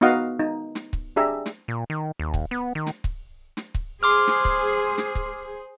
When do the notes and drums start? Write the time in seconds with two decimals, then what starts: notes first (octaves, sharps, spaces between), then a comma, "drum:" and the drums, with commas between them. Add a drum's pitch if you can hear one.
0.01 B3 D#4 F#4 D#5 F5 F#5
0.40 D#4
0.75 drum: snare
0.93 drum: kick C#1
1.16 D4 G4 G#4 E5 A#5
1.46 drum: snare
1.68 A#2
1.90 D#3
2.20 D#2
2.34 drum: kick C#1
2.51 B3
2.75 D#3
2.86 drum: snare
3.04 drum: kick C#1
3.57 drum: snare
3.74 drum: kick C#1
4.03 G#4 C5 C6 D6 F6
4.27 drum: snare
4.45 drum: kick C#1
4.98 drum: snare
5.15 drum: kick C#1